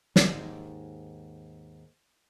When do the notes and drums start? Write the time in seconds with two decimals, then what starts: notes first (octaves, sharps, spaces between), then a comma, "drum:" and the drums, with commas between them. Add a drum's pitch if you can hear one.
0.16 D#2 G#2, drum: snare